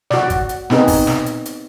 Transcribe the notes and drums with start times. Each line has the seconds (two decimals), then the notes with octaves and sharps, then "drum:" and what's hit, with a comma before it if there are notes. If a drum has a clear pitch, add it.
0.11 F#4 D5, drum: snare
0.30 drum: kick, hi-hat
0.49 drum: hi-hat
0.70 B3 C4 D#4 G#4 B4, drum: snare
0.88 drum: kick, open hi-hat
1.07 drum: snare
1.26 drum: hi-hat
1.46 drum: hi-hat